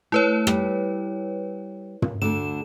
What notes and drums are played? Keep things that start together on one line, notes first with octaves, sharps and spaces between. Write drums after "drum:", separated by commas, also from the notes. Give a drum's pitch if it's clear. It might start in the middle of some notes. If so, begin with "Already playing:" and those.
A3 E4 B4 C#5
G3, drum: rim click
drum: tom
D2 D3 E7